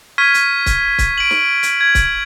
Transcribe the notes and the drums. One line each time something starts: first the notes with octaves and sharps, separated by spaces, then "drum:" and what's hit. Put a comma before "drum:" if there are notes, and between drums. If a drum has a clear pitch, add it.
C#6 F6 G#6 B6 D#7
drum: hi-hat
drum: kick C#1, hi-hat
drum: kick C#1, hi-hat
D7 F#7
drum: snare
drum: hi-hat
G#6
drum: kick C#1, hi-hat